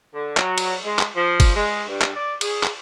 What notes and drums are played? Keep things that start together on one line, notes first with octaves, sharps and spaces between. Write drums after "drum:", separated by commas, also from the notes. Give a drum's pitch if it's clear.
D3
F#3, drum: clap
drum: cymbal
G#3
drum: clap
F3
drum: kick G1, cymbal
G#3
G2
drum: clap
D5
G#4, drum: cymbal
drum: clap